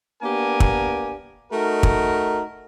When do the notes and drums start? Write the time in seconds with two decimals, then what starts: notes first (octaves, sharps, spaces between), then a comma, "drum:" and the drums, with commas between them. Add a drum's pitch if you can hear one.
0.23 A#3 B3 D4 G4 A#4 G#5
0.60 drum: kick
1.52 A3 D#4 F#4 A#4
1.83 drum: kick